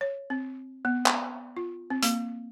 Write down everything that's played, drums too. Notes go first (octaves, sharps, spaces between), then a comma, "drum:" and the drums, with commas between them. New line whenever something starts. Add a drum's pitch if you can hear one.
C#5
C4
B3
drum: clap
F4
C4
A#3, drum: hi-hat